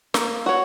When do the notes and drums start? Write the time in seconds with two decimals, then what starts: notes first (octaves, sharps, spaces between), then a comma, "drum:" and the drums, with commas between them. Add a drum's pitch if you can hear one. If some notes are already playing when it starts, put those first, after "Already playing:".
0.14 A#3, drum: snare
0.46 F#4 C#5